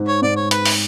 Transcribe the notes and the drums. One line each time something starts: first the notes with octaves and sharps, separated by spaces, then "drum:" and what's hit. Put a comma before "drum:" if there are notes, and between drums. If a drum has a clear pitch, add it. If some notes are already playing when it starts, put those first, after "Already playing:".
Already playing: G#2
C#5
G#2 D5
C#5
B4, drum: hi-hat
drum: open hi-hat